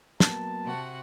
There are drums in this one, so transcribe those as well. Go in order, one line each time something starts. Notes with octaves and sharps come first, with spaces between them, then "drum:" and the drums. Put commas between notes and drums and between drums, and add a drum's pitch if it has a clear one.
F#3 A#3 B3 A5, drum: snare
C3 F#4 F#5